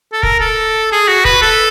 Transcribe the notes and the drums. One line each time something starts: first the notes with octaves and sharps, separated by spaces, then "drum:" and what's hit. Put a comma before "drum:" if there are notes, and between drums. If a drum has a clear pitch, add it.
A4
A#4, drum: kick
A4
G#4
F#4
B4, drum: kick
A4